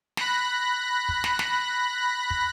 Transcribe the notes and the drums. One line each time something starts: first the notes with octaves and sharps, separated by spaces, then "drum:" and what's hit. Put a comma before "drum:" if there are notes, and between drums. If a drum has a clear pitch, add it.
B5 F#6 A#6, drum: snare
drum: kick
drum: snare
drum: snare
drum: kick